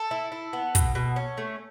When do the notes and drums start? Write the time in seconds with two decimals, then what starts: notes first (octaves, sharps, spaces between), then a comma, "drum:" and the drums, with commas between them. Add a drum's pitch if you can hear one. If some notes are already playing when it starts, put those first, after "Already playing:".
Already playing: A4
0.11 E4
0.32 E4
0.53 B3
0.75 B2, drum: kick, hi-hat
0.95 B2
1.16 C#4
1.38 A3